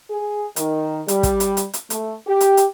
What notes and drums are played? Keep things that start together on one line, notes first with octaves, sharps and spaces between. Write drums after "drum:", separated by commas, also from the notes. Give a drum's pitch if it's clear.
G#4
D#3, drum: hi-hat
G3, drum: hi-hat
drum: kick, hi-hat
drum: hi-hat
drum: hi-hat
drum: hi-hat
A3, drum: hi-hat
G4
drum: hi-hat
drum: hi-hat